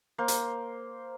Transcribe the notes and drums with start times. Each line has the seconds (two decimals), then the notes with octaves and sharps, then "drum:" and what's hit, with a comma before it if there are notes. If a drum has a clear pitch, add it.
0.18 A#3 C5
0.28 drum: hi-hat